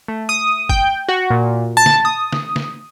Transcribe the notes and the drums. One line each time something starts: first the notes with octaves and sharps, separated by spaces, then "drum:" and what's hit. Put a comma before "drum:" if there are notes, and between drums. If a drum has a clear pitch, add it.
A3
D#6
G5, drum: kick
F#4
A#2
A5
drum: snare
D#6
drum: snare
drum: snare